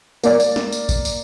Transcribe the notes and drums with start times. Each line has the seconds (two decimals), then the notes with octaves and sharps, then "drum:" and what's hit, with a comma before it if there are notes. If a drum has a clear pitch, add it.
0.24 A#3 D5, drum: tambourine
0.40 drum: tambourine
0.56 drum: snare
0.72 drum: tambourine
0.89 drum: kick A#1, tambourine
1.05 drum: tambourine